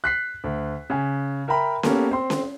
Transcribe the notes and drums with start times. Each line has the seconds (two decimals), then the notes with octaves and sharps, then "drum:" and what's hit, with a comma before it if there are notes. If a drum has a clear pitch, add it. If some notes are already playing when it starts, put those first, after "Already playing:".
0.04 F#6 B6 C7
0.44 D2
0.90 C#3 G#5
1.48 A#4 E5 G5 A#5 B5
1.83 A#3 B3 C#4 G4 A4, drum: snare C#4
2.11 C4 C6
2.30 drum: snare C#4